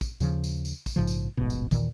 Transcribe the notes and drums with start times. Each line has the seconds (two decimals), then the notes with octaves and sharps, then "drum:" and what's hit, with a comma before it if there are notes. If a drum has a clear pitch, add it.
0.01 drum: kick, tambourine
0.20 D#2 C#3 F3, drum: tambourine
0.44 drum: tambourine
0.65 drum: tambourine
0.86 drum: kick, tambourine
0.96 A#1 G#2 C#3 F3
1.07 drum: tambourine
1.37 D#1 A1 G#2 B2
1.50 drum: tambourine
1.71 D#2 A#2 D#3 E3, drum: kick, tambourine